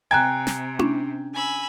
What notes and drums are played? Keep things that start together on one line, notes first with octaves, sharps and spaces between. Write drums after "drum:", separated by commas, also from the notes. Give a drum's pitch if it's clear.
C3 G5 G#5 A#5 F#6 G#6
drum: snare
C#4 D4, drum: tom E4
G#5 B5 E6